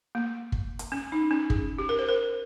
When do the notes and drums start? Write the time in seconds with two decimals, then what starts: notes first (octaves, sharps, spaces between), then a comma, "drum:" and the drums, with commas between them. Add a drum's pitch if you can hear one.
0.15 A#3
0.52 drum: kick
0.79 drum: hi-hat
0.92 C#4
1.12 D#4
1.31 C#4
1.50 G#4, drum: kick
1.78 G4
1.89 A#4
1.99 C5
2.09 A#4